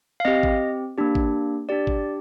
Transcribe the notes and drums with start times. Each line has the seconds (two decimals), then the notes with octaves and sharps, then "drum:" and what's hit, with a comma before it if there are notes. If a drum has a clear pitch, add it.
0.20 F5
0.25 C4 G4 D#5
0.43 drum: kick G#1
0.98 A#3 D4 G4
1.15 drum: kick G#1
1.69 D4 G4 D5
1.87 drum: kick G#1